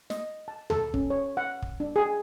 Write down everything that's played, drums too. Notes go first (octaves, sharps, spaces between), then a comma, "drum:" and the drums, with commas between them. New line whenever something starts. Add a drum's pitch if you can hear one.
D#5, drum: snare
A5
A4, drum: tom D2
C#4, drum: kick
C#5
F#5
drum: kick
D4
G#4